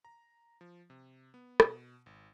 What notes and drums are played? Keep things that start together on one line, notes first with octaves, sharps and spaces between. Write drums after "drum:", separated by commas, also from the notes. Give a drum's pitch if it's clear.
A#5
F3
C3
B3
B2, drum: rim click
G#1